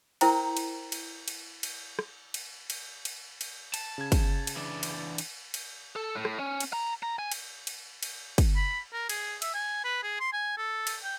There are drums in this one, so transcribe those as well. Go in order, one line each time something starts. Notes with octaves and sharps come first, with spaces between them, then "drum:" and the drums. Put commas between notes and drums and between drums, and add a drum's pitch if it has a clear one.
E4 A#4 C5 G5 A#5, drum: cymbal
drum: cymbal
drum: cymbal
drum: cymbal
drum: cymbal
drum: rim click
drum: cymbal
drum: cymbal
drum: cymbal
drum: cymbal
A5, drum: cymbal
C#3 G#6
drum: kick, cymbal
drum: cymbal
E3 D4
drum: cymbal
drum: cymbal
drum: cymbal
A4
A2
drum: rim click
C#4
drum: cymbal
A#5
A#5
G#5
drum: cymbal
drum: cymbal
drum: cymbal
drum: kick, cymbal
B5
A#4
G#4, drum: cymbal
E5, drum: cymbal
G#5
B4
G#4
C6
G#5
A4
drum: cymbal
G5